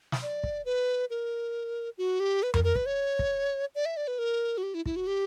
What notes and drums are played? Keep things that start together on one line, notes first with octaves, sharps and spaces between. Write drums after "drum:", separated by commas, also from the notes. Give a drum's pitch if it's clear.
drum: snare
D5
drum: kick
B4
A#4
F#4
G4
B4
A#4, drum: tom F2
A#4
B4, drum: kick
C#5
drum: kick
D5
E5
D5
B4
A#4
F#4
G4
E4
E4, drum: kick
F#4
G4